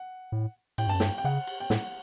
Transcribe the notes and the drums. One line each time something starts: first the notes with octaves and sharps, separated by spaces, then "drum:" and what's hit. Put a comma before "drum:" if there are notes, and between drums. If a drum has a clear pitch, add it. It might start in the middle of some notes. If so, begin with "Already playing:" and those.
Already playing: F#5
A2
A2 G5, drum: cymbal
G2 A5
F#2
G2 G5, drum: snare
G5
C#3 F#5
drum: cymbal
G5
A2 F#5, drum: snare